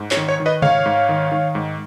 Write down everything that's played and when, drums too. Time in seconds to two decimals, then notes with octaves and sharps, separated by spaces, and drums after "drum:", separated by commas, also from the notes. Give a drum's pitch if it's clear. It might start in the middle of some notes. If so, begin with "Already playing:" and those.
Already playing: G#2
0.11 C#5, drum: clap
0.17 D#3
0.29 C#5
0.40 D#3
0.46 B4 D#5
0.62 G#2 C#5 F5, drum: tom C3
0.86 G#2
1.09 D#3
1.32 D#3
1.55 G#2